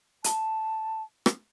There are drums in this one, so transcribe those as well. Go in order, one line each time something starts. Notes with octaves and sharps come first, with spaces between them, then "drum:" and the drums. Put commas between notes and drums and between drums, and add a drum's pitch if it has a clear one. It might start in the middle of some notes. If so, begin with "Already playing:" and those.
A5, drum: hi-hat
drum: rim click